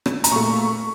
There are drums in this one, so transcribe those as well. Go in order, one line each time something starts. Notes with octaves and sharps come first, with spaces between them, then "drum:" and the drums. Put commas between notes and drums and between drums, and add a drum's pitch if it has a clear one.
drum: rim click
A#5, drum: hi-hat
A#2 A3 C#6